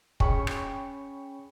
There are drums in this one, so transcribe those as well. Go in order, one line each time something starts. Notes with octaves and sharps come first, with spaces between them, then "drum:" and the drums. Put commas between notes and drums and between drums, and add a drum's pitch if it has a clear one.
C#4 G#4 G5 B5 C#6 C#7, drum: kick
drum: rim click